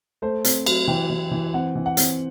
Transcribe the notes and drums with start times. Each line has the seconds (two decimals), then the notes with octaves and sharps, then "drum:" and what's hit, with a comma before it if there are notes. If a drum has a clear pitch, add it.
0.22 A3 C5
0.44 C4, drum: hi-hat
0.66 F#3, drum: cymbal
0.88 E3 G5
1.10 E3
1.31 E3
1.54 C4 F#5
1.75 E3
1.86 F#5
1.97 C4, drum: hi-hat